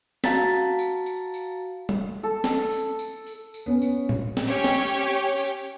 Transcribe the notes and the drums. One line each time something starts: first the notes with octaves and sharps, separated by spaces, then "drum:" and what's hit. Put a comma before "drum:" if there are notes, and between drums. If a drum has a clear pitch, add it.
F#4 F5 A5 A#5 A6 B6, drum: snare
drum: tambourine
drum: tambourine
drum: tambourine
drum: tom G3
A4
drum: snare
drum: tambourine
drum: tambourine
drum: tambourine
drum: tambourine
B3 C#4
drum: tambourine
drum: tom
drum: snare
C#4 G4 C#5
drum: snare
drum: tambourine
drum: tambourine
drum: tambourine